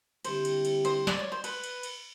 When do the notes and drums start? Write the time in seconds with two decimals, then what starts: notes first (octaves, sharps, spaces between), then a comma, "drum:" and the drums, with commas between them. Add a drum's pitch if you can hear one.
0.25 D3 G3 C4 E4 G4 C5, drum: cymbal
0.45 drum: cymbal
0.65 drum: cymbal
0.85 C5, drum: cymbal
1.07 D5, drum: snare
1.19 C#5
1.32 C5
1.44 B4, drum: cymbal
1.64 drum: cymbal
1.83 drum: cymbal